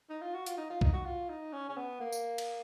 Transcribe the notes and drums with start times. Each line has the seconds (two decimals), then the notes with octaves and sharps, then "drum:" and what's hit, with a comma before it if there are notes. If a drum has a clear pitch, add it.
0.10 D#4
0.22 F4
0.34 F#4
0.46 F4, drum: hi-hat
0.57 D#4
0.70 F4
0.81 D#4, drum: kick B1
0.93 F#4
1.05 F4
1.29 D#4
1.53 C#4
1.69 C#4
1.77 B3
2.00 A#3
2.12 drum: tambourine
2.38 drum: cymbal